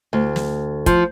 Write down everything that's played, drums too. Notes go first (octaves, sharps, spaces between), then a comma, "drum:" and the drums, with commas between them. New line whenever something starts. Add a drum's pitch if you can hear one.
D2
drum: snare
F3, drum: kick, hi-hat